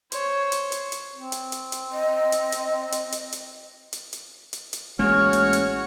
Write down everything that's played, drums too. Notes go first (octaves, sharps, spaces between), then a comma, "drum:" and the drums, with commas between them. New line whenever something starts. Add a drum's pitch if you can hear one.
C5 C#5, drum: hi-hat
drum: hi-hat
drum: hi-hat
drum: hi-hat
C4
drum: hi-hat
drum: hi-hat
drum: hi-hat
D#5
drum: hi-hat
drum: hi-hat
drum: hi-hat
drum: hi-hat
drum: hi-hat
drum: hi-hat
drum: hi-hat
drum: hi-hat
drum: hi-hat
A1 G#3 A#3 C#4 F#4 G#4 C#5 F6
drum: hi-hat
drum: hi-hat